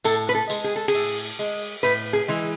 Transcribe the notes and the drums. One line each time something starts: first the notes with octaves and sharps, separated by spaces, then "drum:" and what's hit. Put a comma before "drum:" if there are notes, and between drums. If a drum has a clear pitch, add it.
A2 A4, drum: tambourine
B4
A4
G#3, drum: tambourine
G#4
A4
G#4, drum: cymbal
A2
G#3
A2 B4
G#4
E3 G#3